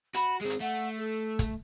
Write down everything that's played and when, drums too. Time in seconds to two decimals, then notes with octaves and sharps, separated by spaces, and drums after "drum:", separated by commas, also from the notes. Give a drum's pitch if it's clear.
0.14 F#4 B5, drum: hi-hat
0.41 G#3 C4 G#4
0.50 drum: hi-hat
0.60 A3 F#5
0.97 A4
1.39 drum: kick, hi-hat